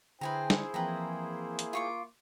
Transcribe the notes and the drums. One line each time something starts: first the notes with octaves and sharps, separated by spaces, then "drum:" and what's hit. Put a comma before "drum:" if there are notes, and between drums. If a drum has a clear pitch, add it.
D3 E4 G#4 B4 C5 G5 G#5 A#5
drum: snare
E3 F3 A#3 C4 B4 G5 A#5
drum: hi-hat
F4 C#6 D6